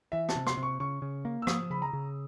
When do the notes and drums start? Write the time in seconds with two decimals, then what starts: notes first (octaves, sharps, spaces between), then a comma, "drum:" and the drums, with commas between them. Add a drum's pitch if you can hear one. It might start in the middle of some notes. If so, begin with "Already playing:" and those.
0.12 E3 E5
0.29 A5, drum: rim click
0.35 C3
0.47 C6, drum: rim click
0.57 C3
0.63 C#6
0.80 C#3 C#6
1.02 C#3
1.25 A#3
1.42 E6
1.47 F3 D#6, drum: rim click
1.70 C#3 B5
1.82 A#5
1.93 C#3